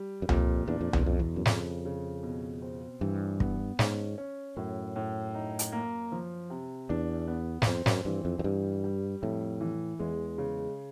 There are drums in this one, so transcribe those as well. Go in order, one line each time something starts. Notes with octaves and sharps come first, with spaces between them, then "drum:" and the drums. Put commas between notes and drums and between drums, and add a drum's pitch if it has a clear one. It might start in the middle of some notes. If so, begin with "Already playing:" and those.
Already playing: G3
F#2
F2 A#2, drum: tom C2
E2 D4
F2
E2, drum: tom C2
F2 B2
E2
F#2
F2 C#3, drum: snare
C#3
B2
C4
G2 E3
B3, drum: kick
G#2 C#4, drum: snare
C#4
F#2 A2
A2
D#4
drum: hi-hat
A#3
F3
C3
E2 D4
B3
E2, drum: snare
F2 C4
F#2, drum: snare
G2 E3
F2
F#2
G2 G3
G3
F2 A2
E3
E2 G#3
C#3